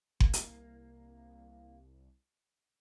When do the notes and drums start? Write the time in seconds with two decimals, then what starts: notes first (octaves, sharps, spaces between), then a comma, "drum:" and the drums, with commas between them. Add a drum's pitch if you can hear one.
0.20 C2 A#3, drum: kick F#1
0.33 drum: hi-hat